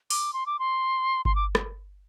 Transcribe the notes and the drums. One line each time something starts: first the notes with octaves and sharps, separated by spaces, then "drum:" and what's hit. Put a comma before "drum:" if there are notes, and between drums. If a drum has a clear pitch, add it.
D6, drum: open hi-hat
C6
D6
C6
C6, drum: kick G1
D6
drum: rim click